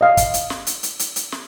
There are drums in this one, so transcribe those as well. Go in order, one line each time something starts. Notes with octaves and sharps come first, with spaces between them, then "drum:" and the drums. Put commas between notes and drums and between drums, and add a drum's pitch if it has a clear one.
D#5 F5
drum: kick, hi-hat
drum: hi-hat
drum: snare
drum: hi-hat
drum: hi-hat
drum: hi-hat
drum: hi-hat
drum: snare